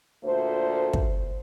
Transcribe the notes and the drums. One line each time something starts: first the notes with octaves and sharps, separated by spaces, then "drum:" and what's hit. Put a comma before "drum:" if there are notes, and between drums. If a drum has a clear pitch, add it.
D2 A#2 A3 C5
drum: kick